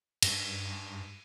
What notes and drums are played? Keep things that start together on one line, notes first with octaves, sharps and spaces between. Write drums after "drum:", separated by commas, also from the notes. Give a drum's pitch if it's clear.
G2, drum: cymbal